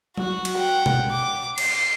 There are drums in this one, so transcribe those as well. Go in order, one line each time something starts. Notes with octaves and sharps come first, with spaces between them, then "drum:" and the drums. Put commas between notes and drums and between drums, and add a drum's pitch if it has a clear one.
F#4, drum: tom F#3
drum: cymbal
F#5 G5
drum: tom B2
D6
C7, drum: cymbal